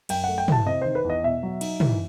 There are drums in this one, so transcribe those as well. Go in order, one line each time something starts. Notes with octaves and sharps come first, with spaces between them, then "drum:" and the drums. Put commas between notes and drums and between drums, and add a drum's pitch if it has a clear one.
F#2 G5, drum: cymbal
A3 F#5
G5
E4 A5, drum: tom
C3 D#5
D#3 C5
B4
E2
D#5
B2 E5
F#3
D#4, drum: cymbal
E3, drum: tom